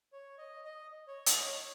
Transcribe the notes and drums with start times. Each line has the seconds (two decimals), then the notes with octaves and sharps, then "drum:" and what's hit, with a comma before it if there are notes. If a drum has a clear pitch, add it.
0.13 C#5
0.38 D#5
0.64 D#5
1.08 C#5
1.26 D#5, drum: hi-hat
1.45 C#5